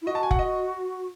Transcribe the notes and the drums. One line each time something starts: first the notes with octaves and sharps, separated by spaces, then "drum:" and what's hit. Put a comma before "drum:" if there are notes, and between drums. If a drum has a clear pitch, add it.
E4
F#4 D#5
A5
G#5
F#5, drum: kick F1
D#5